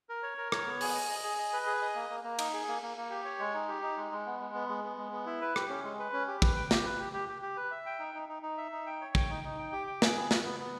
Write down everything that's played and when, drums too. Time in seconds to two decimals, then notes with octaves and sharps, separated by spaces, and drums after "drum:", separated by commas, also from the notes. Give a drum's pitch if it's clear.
0.09 A#4
0.23 C#5
0.38 A#4
0.52 C#5, drum: rim click
0.66 B3
0.81 G#4, drum: open hi-hat
0.95 D#5
1.09 D#5
1.23 G#4
1.38 D#5
1.53 B4
1.66 G#4
1.82 D#5
1.95 A#3
2.10 A#3
2.24 A#3
2.39 D#4, drum: cymbal
2.53 G#4
2.68 A#3
2.83 A#3
2.97 A#3
3.10 G4
3.25 C#5
3.39 G#3
3.54 D#4
3.68 G4
3.82 D#4
3.97 G#3
4.12 G#3
4.26 B3
4.40 G#3
4.54 B3
4.69 G#3
4.84 B3
4.97 G#3
5.12 B3
5.26 E4
5.41 B4
5.56 G4, drum: rim click
5.69 C#4
5.84 G#3
5.99 B4
6.13 C#4
6.27 G4
6.42 B4, drum: kick
6.55 G5
6.71 G4, drum: snare
6.85 B4
6.99 G4
7.13 G4
7.29 G4
7.42 G4
7.57 B4
7.71 E5
7.86 G5
7.99 D#4
8.14 D#4
8.29 D#4
8.43 D#4
8.58 E5
8.72 D#4
8.87 G5
9.01 C#5
9.15 G5, drum: kick
9.30 D#4
9.44 D#4
9.58 G5
9.72 G4
9.87 G5
10.02 G#4, drum: snare
10.16 B3
10.31 B3, drum: snare
10.44 B3
10.60 B3